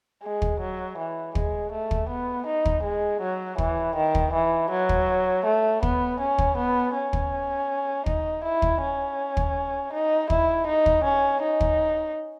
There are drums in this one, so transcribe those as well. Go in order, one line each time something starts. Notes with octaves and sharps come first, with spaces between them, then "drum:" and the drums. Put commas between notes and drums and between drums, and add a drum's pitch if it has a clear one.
G#3
drum: kick
F#3
E3
G#3, drum: kick
A3
drum: kick
B3
D#4
drum: kick
G#3
F#3
E3, drum: kick
D#3
drum: kick
E3
F#3
drum: kick
A3
B3, drum: kick
C#4
drum: kick
B3
C#4
drum: kick
D#4, drum: kick
E4
drum: kick
C#4
drum: kick
D#4
E4, drum: kick
D#4
drum: kick
C#4
D#4
drum: kick